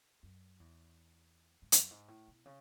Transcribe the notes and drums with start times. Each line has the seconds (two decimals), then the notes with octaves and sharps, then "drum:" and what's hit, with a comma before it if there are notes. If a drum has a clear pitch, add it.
0.23 F#2
0.60 E2
1.62 G#2
1.72 F#2, drum: hi-hat
1.91 G#2
2.08 A2
2.28 B2
2.46 C#3